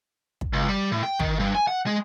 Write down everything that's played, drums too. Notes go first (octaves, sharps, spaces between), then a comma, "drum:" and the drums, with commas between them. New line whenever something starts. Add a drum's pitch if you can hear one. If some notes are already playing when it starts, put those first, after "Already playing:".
drum: kick
C#2
G3
A2
G5
D#3, drum: kick
G2
G#5
F#5
G#3